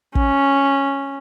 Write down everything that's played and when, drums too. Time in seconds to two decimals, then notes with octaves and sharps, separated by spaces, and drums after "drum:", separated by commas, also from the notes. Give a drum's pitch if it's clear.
0.15 C#4, drum: kick